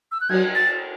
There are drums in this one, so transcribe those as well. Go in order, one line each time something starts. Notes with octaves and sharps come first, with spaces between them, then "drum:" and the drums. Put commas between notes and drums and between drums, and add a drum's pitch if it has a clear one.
E6
F#6
F#3 G#6, drum: cymbal
A6